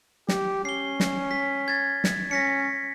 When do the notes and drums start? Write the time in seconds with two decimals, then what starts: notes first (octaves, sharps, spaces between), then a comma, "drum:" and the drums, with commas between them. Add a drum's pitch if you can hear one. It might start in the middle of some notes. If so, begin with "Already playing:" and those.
0.29 G4, drum: snare
0.65 C#4 C7 G7
1.00 drum: snare
1.31 B6
1.68 G#6 A6
2.04 drum: snare
2.31 C#4 A#6 B6 C#7